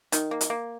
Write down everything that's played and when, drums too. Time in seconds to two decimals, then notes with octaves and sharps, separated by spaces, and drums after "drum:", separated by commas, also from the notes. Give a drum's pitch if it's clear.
0.12 D#3, drum: hi-hat
0.31 A#3
0.41 drum: hi-hat
0.50 A#3